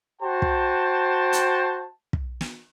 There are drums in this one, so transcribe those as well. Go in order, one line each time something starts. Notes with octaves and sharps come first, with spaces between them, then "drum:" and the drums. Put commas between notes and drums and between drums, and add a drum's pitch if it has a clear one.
F#4 C5 G5 A5
drum: kick
drum: hi-hat
drum: kick
drum: snare